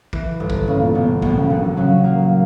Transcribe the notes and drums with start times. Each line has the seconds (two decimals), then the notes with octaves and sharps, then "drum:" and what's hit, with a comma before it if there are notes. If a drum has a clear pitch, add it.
0.13 E3, drum: kick A#1
0.40 G1
0.50 drum: kick A#1
0.68 G1 C#3
0.82 A#2
0.95 G1 B2
1.22 A#1 B2, drum: kick A#1
1.36 C#3
1.50 D3 F#3
1.64 D3
1.77 C#3 F#3
2.04 A#3